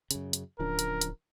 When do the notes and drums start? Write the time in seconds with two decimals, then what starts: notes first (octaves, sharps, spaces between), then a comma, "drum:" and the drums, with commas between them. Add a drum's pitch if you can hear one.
0.11 F#2 C#3, drum: hi-hat
0.33 drum: hi-hat
0.59 D1 C#3 F3 D4 A#4
0.79 drum: hi-hat
1.01 drum: hi-hat